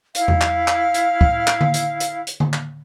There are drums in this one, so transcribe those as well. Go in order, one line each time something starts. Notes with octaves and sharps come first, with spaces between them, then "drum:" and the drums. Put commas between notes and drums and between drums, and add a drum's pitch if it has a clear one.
E4 F5, drum: hi-hat
drum: tom E2
drum: clap
drum: clap
drum: hi-hat
drum: kick
drum: clap
drum: tom D3
drum: hi-hat
drum: hi-hat
drum: hi-hat
drum: tom D3
drum: clap